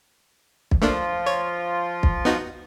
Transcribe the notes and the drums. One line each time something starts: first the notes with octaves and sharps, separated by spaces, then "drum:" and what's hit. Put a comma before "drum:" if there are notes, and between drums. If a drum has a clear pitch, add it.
drum: kick
F3 A3 A#3 D4 F4
C#5
drum: kick
B3 D#4 F#4